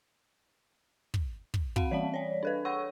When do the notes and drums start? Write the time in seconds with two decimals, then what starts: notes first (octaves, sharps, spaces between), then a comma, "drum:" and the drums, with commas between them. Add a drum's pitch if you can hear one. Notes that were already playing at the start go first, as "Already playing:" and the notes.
1.14 drum: kick
1.54 drum: kick
1.76 C4 F5 F#5 B5, drum: kick
1.91 E3 G3 D5 F5 A5
2.14 C#5 D5
2.43 D4 A4 B4
2.65 C#5 F#5 C#6 E6